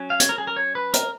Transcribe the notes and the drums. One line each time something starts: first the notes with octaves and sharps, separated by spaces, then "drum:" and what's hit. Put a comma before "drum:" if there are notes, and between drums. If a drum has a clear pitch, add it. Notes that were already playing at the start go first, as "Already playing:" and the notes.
Already playing: F#3 C#4
F5
C#5, drum: hi-hat
A#4
G#4
A#4
C#5
B4
A#4, drum: hi-hat